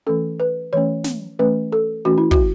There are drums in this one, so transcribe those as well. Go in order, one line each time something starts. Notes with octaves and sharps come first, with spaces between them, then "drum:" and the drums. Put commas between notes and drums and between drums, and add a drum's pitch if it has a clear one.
E3 A3 C#4 A4
B4
E3 A3 C#4 C#5
drum: snare
E3 A3 C#4 B4
A4
E3 A3 C#4 F#4
E4
F#4, drum: kick